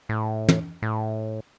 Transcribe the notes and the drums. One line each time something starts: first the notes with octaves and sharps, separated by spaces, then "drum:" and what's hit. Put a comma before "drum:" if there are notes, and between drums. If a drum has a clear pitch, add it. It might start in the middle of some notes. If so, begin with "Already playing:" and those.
A2
drum: tom
A2